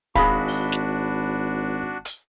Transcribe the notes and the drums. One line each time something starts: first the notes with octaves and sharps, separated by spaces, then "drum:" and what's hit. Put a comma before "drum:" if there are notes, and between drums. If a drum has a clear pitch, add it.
G#1 D4 F#4 G#4 D#5 F5 B5, drum: kick
drum: open hi-hat
drum: snare
drum: hi-hat